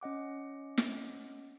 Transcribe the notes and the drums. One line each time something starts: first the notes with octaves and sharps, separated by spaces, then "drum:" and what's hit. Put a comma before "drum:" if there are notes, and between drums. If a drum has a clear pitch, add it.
C#4 D#5 F#5 D6
drum: snare